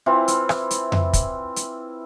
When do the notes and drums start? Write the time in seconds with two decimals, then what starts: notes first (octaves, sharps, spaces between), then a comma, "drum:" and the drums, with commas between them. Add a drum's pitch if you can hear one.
0.06 E3 C4 E4 F4
0.28 drum: hi-hat
0.49 drum: rim click
0.71 drum: hi-hat
0.92 drum: tom F2
1.13 drum: kick, hi-hat
1.56 drum: hi-hat